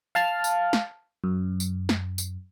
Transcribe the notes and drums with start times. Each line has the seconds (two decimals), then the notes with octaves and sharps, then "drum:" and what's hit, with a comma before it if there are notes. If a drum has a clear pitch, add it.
0.15 F5 A5 F6
0.44 drum: tambourine
0.73 drum: snare
1.24 F#2
1.60 drum: tambourine
1.89 drum: snare
2.18 drum: tambourine